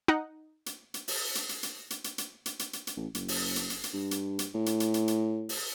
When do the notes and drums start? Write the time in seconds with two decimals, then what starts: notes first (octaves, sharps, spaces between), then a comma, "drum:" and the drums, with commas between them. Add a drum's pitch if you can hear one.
0.08 D#4 F#5
0.66 drum: hi-hat
0.94 drum: hi-hat
1.08 drum: open hi-hat
1.35 drum: hi-hat
1.49 drum: hi-hat
1.63 drum: hi-hat
1.90 drum: hi-hat
2.04 drum: hi-hat
2.18 drum: hi-hat
2.46 drum: hi-hat
2.59 drum: hi-hat
2.73 drum: hi-hat
2.87 drum: hi-hat
2.97 A1
3.15 F#1, drum: hi-hat
3.28 drum: open hi-hat
3.56 drum: hi-hat
3.70 drum: hi-hat
3.84 drum: hi-hat
3.94 G2
4.11 drum: hi-hat
4.39 drum: hi-hat
4.54 A2
4.66 drum: hi-hat
4.80 drum: hi-hat
4.94 drum: hi-hat
5.08 drum: hi-hat
5.49 drum: open hi-hat